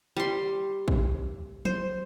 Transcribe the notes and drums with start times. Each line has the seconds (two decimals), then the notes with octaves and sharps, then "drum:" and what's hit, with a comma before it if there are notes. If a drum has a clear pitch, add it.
0.17 G3 C6
0.88 drum: kick
1.65 C5, drum: tom F3